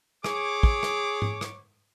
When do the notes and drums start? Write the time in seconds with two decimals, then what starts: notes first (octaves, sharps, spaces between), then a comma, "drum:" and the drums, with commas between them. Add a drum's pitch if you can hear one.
0.24 G#4 C#5 D6, drum: rim click
0.63 drum: kick
0.83 drum: rim click
1.22 drum: tom G#2
1.41 drum: rim click